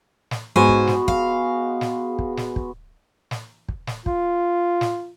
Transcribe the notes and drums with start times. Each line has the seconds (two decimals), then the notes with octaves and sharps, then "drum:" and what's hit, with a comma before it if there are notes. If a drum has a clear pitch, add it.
0.31 drum: snare
0.56 G#2 G#3 B3 F#4 C5 G#5
0.69 drum: kick
0.87 drum: snare
1.08 F5, drum: kick
1.81 drum: snare
2.19 drum: kick
2.37 drum: snare
2.56 drum: kick
3.31 drum: snare
3.69 drum: kick
3.87 drum: snare
4.06 F4, drum: kick
4.81 drum: snare